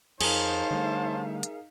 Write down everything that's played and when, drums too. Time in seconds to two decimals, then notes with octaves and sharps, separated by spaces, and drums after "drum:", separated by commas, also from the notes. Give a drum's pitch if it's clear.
0.21 F2 D#4 G#4 A#4 C5 C#5 F5 A5, drum: cymbal
0.71 D3 G3 A3
1.43 drum: hi-hat